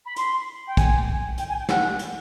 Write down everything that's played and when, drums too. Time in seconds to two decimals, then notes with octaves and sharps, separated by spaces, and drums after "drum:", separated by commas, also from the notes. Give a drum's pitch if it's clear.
0.05 B5
0.16 C6, drum: hi-hat
0.67 G5
0.77 G#5, drum: kick, hi-hat
1.38 G5, drum: hi-hat
1.48 G#5
1.58 G5
1.69 F#5, drum: snare
1.99 drum: hi-hat